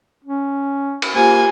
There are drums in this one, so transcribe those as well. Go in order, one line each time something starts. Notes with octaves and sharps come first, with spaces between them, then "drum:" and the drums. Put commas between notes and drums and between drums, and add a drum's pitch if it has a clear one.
C#4
drum: cymbal
A#3 F4 G4 C5 G#5